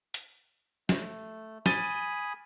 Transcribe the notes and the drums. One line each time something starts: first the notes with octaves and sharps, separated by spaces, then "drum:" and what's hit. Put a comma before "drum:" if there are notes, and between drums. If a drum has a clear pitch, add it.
drum: hi-hat
A3, drum: snare
G#5 B5 D#6 A6 D#7 G7, drum: snare